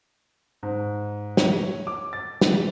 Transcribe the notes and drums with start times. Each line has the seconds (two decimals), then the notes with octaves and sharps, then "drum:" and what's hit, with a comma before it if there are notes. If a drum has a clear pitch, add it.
0.63 G#2
1.37 C#5, drum: snare
1.87 D6
2.13 A6
2.41 drum: snare